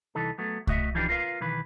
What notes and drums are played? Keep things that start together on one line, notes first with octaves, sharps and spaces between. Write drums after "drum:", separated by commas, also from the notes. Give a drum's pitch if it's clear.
C2 E3 D#4 A4
F#3 A3 B3
A3 F#4 D#5 E5, drum: kick C2
E3 F3 D4 D#4 G4 B4
F4 A#4 B4 F5
B1 D#3 E3 B4